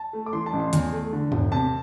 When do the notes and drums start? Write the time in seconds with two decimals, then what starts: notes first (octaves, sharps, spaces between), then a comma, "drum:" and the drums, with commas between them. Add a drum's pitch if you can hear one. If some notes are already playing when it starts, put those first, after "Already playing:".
Already playing: A5
0.13 A3
0.26 D6
0.33 E3 C6
0.46 A5
0.53 A1
0.60 C6
0.73 E2, drum: hi-hat
0.92 A3
1.13 D3
1.32 E1, drum: tom G2
1.52 C3 A5